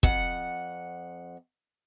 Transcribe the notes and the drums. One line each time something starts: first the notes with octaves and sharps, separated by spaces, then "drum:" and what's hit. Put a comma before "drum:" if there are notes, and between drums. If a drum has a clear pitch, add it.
F2 F#5, drum: kick